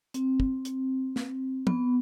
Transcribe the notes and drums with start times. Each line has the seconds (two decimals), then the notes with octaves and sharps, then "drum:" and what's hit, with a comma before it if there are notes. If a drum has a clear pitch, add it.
0.14 C4, drum: hi-hat
0.40 drum: kick
0.65 drum: hi-hat
1.16 drum: snare A#3
1.67 B3, drum: tom